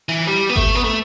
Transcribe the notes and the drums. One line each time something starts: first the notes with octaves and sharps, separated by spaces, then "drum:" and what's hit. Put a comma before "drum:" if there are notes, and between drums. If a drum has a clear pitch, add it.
E3
G3
B3
A3, drum: kick G#1
B3
A3